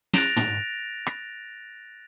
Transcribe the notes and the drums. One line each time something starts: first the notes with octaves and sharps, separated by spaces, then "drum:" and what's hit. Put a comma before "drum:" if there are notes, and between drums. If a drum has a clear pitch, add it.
F#6 A6 A#6 D7 E7 F7, drum: snare
drum: tom
drum: rim click